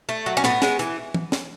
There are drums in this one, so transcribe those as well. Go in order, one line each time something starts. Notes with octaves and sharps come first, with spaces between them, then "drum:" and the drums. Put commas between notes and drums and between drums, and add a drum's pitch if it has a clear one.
A3
F#3
C#4
A2 B3, drum: snare
G#3, drum: snare
E3, drum: hi-hat
drum: tom
drum: snare